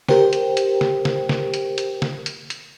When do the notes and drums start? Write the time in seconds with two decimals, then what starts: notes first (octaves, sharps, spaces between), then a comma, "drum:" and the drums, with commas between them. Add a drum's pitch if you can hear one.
0.08 G4 A#4 C5 G5, drum: snare
0.33 drum: hi-hat
0.57 drum: hi-hat
0.81 drum: snare
1.05 drum: snare
1.29 drum: snare
1.54 drum: hi-hat
1.78 drum: hi-hat
2.02 drum: snare
2.26 drum: hi-hat
2.50 drum: hi-hat